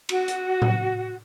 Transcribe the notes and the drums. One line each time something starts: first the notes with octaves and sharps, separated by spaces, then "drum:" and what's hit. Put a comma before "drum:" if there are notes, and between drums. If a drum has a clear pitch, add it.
F#4, drum: cymbal
drum: hi-hat
drum: tom A2